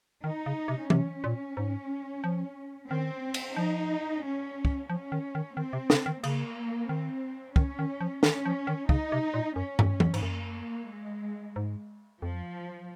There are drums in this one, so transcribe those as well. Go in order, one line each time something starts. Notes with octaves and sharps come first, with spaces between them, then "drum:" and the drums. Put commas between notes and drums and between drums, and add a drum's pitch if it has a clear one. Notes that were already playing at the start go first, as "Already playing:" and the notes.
D#3 D#4
C#3
C3
C3 C#4, drum: tom E3
A#2
G#2
F3
D#3 C4
drum: cymbal
F3 D#4
C#4
drum: kick
F3 C#4
D#3
D#3
D#3 C4
C3
C#3, drum: snare
D#3
C#3 A#3, drum: cymbal
D#3 C4
D#3 C#4, drum: kick
D#3
F3
D#3 C#4, drum: snare
F3
D#3
C#3 D#4, drum: kick
C3
A#2
F#2 C#4
F2, drum: tom
F2, drum: tom E3
G#2, drum: cymbal
F#2 A#3
G#3
G#2
F2 F3